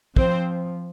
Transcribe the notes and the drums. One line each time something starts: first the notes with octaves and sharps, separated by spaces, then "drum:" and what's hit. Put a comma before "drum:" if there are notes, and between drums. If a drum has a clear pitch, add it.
F3 C4 C5, drum: kick